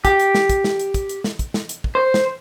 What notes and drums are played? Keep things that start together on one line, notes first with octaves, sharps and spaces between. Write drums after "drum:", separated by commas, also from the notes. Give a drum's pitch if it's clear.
G4, drum: kick, hi-hat
drum: hi-hat
drum: snare
drum: kick, hi-hat
drum: snare
drum: hi-hat
drum: kick, hi-hat
drum: hi-hat
drum: snare
drum: kick, hi-hat
drum: snare
drum: hi-hat
drum: kick
C5
drum: snare